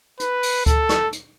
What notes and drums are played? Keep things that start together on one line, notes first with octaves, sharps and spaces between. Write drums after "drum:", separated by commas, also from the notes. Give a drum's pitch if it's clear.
B4, drum: hi-hat
drum: open hi-hat
A4, drum: kick D2, hi-hat
drum: rim click
drum: hi-hat